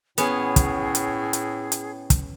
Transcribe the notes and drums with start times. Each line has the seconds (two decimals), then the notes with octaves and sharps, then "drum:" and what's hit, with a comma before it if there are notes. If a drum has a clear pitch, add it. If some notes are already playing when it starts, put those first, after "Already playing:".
0.18 A2 B3 C#4 G#4, drum: hi-hat
0.56 drum: kick, hi-hat
0.95 drum: hi-hat
1.33 drum: hi-hat
1.72 drum: hi-hat
2.10 drum: kick, hi-hat